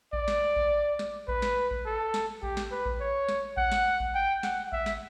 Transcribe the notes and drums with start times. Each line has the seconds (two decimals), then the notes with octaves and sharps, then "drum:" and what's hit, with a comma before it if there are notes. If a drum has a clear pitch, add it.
0.13 D5, drum: kick A1
0.28 drum: snare
0.56 drum: kick A1
0.99 drum: snare
1.28 B4, drum: kick A1
1.42 drum: snare
1.71 drum: kick A1
1.86 A4
2.14 drum: snare
2.43 G4, drum: kick A1
2.57 drum: snare
2.71 B4
2.86 drum: kick A1
3.00 C#5
3.29 drum: snare
3.57 F#5, drum: kick A1
3.72 drum: snare
4.00 drum: kick A1
4.15 G5
4.43 F#5, drum: snare
4.72 E5, drum: kick A1
4.86 drum: snare